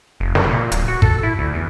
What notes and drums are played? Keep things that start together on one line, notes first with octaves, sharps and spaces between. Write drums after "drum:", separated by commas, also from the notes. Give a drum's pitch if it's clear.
F1
F#2, drum: snare
A#2
D1, drum: hi-hat
F#4
A4, drum: kick
E4
D2
E2